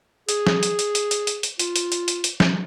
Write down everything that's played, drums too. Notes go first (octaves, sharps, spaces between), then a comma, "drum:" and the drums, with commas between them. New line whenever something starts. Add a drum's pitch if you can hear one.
G#4, drum: hi-hat
drum: snare F3
drum: hi-hat
drum: hi-hat
drum: hi-hat
drum: hi-hat
drum: hi-hat
drum: hi-hat
F4, drum: hi-hat
drum: hi-hat
drum: hi-hat
drum: hi-hat
drum: hi-hat
drum: snare F3